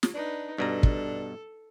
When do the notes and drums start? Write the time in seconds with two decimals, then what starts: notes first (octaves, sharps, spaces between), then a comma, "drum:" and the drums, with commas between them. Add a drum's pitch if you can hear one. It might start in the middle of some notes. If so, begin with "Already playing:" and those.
0.03 drum: snare
0.14 D4 D#4 B4
0.58 G2 B2 D4 A4 A#5
0.83 drum: kick